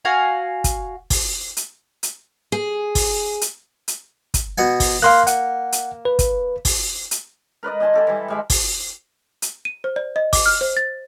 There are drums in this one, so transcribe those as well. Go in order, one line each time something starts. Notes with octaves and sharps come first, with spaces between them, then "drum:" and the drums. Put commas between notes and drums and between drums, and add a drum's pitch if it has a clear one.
F#4 F5 G#5
drum: kick, hi-hat
drum: kick, open hi-hat
drum: hi-hat
drum: hi-hat
G#4
drum: kick, open hi-hat
drum: hi-hat
drum: hi-hat
drum: kick, hi-hat
B2 F#5 G#5
drum: kick, open hi-hat
A#3 F5 C6 F#6
F#5, drum: hi-hat
drum: hi-hat
B4
drum: kick, hi-hat
drum: kick, open hi-hat
drum: hi-hat
A#4 B4 D5 D#5
D#5 G#5 A5 C6
G4 A4 D5
E3 G3
G3 G#3 E5
drum: kick, open hi-hat
drum: hi-hat
D#7
C5
D5
D#5
D6, drum: kick, open hi-hat
F6
C5
A6